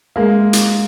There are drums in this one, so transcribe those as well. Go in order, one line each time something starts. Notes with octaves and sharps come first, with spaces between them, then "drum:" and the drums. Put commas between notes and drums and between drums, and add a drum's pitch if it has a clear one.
G#3 A#3
drum: hi-hat